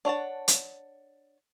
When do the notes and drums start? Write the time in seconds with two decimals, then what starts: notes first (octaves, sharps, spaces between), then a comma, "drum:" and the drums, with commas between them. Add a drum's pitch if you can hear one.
0.05 D4 C#5 F#5 A5
0.48 drum: hi-hat